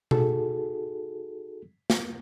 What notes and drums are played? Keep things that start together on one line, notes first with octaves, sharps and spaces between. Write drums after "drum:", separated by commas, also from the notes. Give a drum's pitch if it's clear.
D#4 F#4 G#4 A4, drum: tom B2
drum: snare